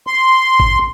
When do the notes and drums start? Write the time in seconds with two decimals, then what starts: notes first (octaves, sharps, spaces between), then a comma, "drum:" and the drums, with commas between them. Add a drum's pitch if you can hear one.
0.07 C6
0.60 drum: kick G#1